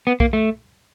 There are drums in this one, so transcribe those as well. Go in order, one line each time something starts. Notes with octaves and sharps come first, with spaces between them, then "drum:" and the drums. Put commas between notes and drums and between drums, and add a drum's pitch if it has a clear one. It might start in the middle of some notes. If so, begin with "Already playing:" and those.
B3
A#3, drum: kick B1
A3